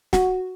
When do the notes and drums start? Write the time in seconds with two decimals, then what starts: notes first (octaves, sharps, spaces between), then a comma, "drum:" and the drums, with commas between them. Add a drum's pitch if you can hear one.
0.13 F#4, drum: snare